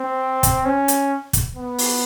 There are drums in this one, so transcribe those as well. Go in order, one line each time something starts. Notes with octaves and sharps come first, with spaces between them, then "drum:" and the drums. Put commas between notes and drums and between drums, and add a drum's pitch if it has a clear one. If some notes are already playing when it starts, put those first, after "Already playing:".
Already playing: C4
drum: kick, hi-hat
C#4
drum: hi-hat
drum: kick, hi-hat
B3
drum: open hi-hat